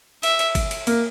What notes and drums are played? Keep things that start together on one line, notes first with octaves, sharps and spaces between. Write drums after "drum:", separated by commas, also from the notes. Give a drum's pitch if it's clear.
E5, drum: cymbal
drum: cymbal
drum: kick, cymbal
drum: cymbal
A#3, drum: cymbal